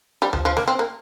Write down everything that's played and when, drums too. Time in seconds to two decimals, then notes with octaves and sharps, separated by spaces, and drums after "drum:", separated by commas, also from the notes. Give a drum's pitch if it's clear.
0.22 G3
0.33 F3, drum: tom D2
0.45 F3
0.57 A#3, drum: snare
0.68 C4
0.79 A#3